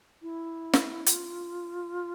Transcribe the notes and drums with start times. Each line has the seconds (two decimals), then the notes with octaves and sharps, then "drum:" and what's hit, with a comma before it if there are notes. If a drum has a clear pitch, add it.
0.22 E4
0.73 drum: snare
1.06 F4, drum: hi-hat